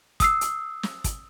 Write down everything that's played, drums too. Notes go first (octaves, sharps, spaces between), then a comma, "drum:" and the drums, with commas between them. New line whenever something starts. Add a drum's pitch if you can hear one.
D#6 E6 C7, drum: kick, hi-hat
drum: hi-hat
drum: snare
drum: kick, hi-hat